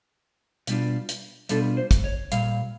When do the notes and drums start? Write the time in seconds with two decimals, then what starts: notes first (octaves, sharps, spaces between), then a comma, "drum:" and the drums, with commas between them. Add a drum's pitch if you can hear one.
0.67 B2 G3 B3 D4 F4, drum: hi-hat
1.09 drum: hi-hat
1.49 B2 G3 B3 D4 F4 A4, drum: hi-hat
1.77 C5
1.91 drum: kick, hi-hat
2.04 C#5
2.32 A#2 G3 F5, drum: hi-hat